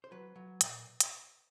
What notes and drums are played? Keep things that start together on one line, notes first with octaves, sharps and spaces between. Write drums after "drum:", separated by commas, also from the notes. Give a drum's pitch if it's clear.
C5
F#3 B4
F#3
A#2, drum: hi-hat
drum: hi-hat